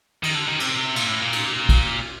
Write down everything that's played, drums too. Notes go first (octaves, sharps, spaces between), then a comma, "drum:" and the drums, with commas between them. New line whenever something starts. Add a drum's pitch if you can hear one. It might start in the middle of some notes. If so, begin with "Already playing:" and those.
D#3, drum: cymbal
D3
D#3
C3, drum: cymbal
A#2, drum: cymbal
A2
A#2
drum: cymbal
drum: kick, cymbal